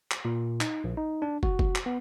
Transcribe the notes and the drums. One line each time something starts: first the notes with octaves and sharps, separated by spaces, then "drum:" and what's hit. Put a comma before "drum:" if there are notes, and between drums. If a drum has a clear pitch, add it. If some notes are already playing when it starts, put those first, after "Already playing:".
drum: clap
A#2
D#4, drum: clap
A#1
D#4
D4
F#4, drum: kick
drum: kick
drum: clap
B3